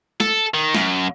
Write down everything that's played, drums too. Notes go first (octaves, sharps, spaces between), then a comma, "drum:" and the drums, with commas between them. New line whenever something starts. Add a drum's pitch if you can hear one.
A4, drum: snare
D#3
F#2, drum: snare